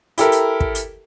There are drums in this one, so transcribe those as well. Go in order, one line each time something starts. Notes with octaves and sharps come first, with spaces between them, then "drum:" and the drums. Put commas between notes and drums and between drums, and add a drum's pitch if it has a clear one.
E4 G4 A4 A#4, drum: hi-hat
drum: hi-hat
drum: kick
drum: hi-hat